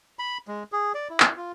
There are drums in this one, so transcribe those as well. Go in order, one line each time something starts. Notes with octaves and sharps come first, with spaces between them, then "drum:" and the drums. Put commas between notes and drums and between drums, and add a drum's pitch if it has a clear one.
B5
G#3
G#4
D5
E4
drum: clap
F4